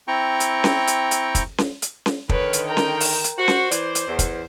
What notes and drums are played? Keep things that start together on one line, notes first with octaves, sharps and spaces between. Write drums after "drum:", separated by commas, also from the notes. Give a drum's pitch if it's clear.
C4 E4 G5 A#5 C#6
drum: hi-hat
drum: snare C#4
drum: hi-hat
drum: hi-hat
drum: kick, hi-hat
drum: snare C#4
drum: hi-hat
drum: snare C#4
D3 D#3 B4 C#5, drum: kick
drum: hi-hat
A#4 G5
drum: snare C#4
drum: open hi-hat
drum: hi-hat
F#4 C5
drum: snare C#4
E3 D5, drum: hi-hat
drum: hi-hat
E2
drum: kick, hi-hat